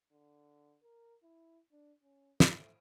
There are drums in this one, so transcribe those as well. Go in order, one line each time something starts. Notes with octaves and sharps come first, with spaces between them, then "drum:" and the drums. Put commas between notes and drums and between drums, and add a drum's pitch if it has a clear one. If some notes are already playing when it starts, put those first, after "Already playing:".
D3
A#4
E4
D4
C#4
A3, drum: snare